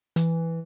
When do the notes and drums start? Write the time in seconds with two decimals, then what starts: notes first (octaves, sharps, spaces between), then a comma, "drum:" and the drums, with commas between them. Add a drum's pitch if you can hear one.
0.16 E3, drum: hi-hat